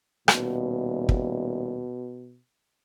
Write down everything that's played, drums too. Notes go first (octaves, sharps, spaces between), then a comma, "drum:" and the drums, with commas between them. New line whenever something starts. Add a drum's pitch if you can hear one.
D#1 B2, drum: rim click
drum: kick